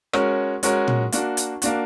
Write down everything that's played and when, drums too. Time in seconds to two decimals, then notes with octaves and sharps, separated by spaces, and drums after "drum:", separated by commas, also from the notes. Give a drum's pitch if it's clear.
0.13 G#3 C#4 F#4 A#4 C#5, drum: rim click
0.63 G#3 C#4 F#4 A#4 C#5, drum: hi-hat
0.88 drum: tom A#2
1.12 A#3 D4 F#4, drum: hi-hat
1.37 drum: hi-hat
1.62 A#3 D4 F#4, drum: hi-hat